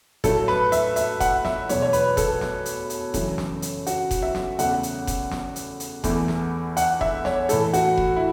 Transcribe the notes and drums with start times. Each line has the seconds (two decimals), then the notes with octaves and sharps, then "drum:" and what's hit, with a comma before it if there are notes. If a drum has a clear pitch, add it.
0.24 A2 F#3 A3 A4, drum: kick F1, hi-hat
0.48 B4, drum: snare
0.72 E5, drum: hi-hat
0.96 E5, drum: hi-hat
1.20 F#5, drum: kick F1, hi-hat
1.45 E5, drum: snare
1.69 E2 B2 F#3 A3 C#5, drum: hi-hat
1.82 C#5
1.93 B4, drum: hi-hat
2.17 A4, drum: kick F1, hi-hat
2.41 drum: snare
2.66 drum: hi-hat
2.90 drum: hi-hat
3.14 F#2 C#3 E3 A3, drum: kick F1, hi-hat
3.38 drum: snare
3.62 drum: hi-hat
3.87 F#4, drum: hi-hat
4.11 drum: kick F1, hi-hat
4.22 E5
4.35 drum: snare
4.59 E2 C#3 A3 F#5, drum: hi-hat
4.83 drum: hi-hat
5.07 drum: kick F1, hi-hat
5.32 drum: snare
5.56 drum: hi-hat
5.80 drum: hi-hat
6.04 E2 E3 A3, drum: kick F1, hi-hat
6.28 drum: snare
6.77 F#5, drum: hi-hat
7.01 E5, drum: kick F1
7.25 C#5, drum: snare
7.49 A2 E3 A3 A4, drum: hi-hat
7.73 F#4, drum: hi-hat
7.98 drum: kick F1
8.16 E4